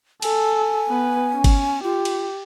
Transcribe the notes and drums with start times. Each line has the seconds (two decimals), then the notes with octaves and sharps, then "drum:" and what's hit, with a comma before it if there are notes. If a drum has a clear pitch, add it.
0.22 A4 G#5, drum: cymbal
0.89 B3 B4
1.34 C#4
1.44 drum: kick G1, cymbal
1.84 F4 G4
2.05 drum: cymbal